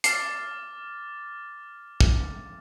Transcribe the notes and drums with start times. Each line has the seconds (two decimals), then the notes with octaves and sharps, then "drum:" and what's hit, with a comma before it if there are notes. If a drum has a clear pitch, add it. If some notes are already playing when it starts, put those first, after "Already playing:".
0.04 D6 F6 A6 C7, drum: hi-hat
2.00 drum: kick